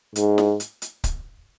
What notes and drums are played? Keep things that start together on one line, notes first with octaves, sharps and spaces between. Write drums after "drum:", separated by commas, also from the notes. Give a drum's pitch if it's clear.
G#2, drum: hi-hat
drum: snare
drum: hi-hat
drum: hi-hat
drum: kick C#1, hi-hat